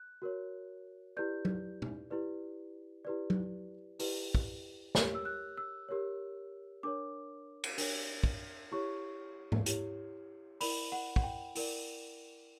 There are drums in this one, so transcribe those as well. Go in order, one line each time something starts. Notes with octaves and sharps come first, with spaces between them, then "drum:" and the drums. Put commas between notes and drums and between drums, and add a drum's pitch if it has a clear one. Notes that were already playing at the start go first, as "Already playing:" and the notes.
Already playing: F#6
F#4 A#4 C#5
E4 G4 B4 D5 G6
drum: tom F#3
drum: tom
E4 G4 B4 D5
E4 G4 B4 D5
drum: tom F#3
E4 G4 B4 D5, drum: open hi-hat
drum: kick
G4 A#4 C#5, drum: snare
E6
F#6
E6
G4 A#4 C#5
D4 A#4 C#5 D6
drum: cymbal
D4 A#4 C#5, drum: open hi-hat
drum: kick
E4 G4 C#5 C#6
drum: tom G#2
E4 G4 C#5, drum: hi-hat
E4 A#4 D5 B5, drum: open hi-hat
F#5
F#5, drum: kick
G5
E4 A#4 D5, drum: open hi-hat